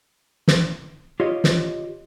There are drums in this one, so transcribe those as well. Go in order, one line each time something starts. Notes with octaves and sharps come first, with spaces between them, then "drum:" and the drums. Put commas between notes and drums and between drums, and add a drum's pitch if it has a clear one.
drum: snare
F4 G4 C#5 D#5
drum: snare